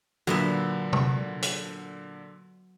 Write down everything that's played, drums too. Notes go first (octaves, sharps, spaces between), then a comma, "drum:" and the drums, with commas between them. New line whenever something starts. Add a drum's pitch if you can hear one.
A#2 D3 F#3 B3 E5
drum: tom C3
drum: hi-hat